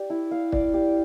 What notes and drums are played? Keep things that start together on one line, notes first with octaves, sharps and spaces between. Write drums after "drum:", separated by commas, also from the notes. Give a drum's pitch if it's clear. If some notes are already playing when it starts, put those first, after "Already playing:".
Already playing: G4 D5
E4
F5
D5, drum: kick
G4